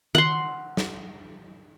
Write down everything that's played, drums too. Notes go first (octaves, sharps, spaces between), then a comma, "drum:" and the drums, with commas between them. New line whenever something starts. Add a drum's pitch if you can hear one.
F#5 C6, drum: tom D#3
drum: snare